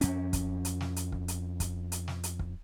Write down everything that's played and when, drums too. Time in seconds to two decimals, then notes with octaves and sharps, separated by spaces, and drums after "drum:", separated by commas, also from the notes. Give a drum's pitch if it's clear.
0.01 F2 C#4, drum: hi-hat
0.33 drum: kick, hi-hat
0.65 drum: hi-hat
0.81 drum: snare
0.96 drum: hi-hat
1.12 drum: kick
1.28 drum: hi-hat
1.60 drum: kick, hi-hat
1.92 drum: hi-hat
2.08 drum: snare
2.23 drum: hi-hat
2.39 drum: kick